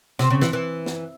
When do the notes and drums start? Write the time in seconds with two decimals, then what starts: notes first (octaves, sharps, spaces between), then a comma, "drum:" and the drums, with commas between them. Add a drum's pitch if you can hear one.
0.19 C3, drum: snare
0.30 C#3
0.41 E3, drum: snare
0.53 E3
0.86 drum: snare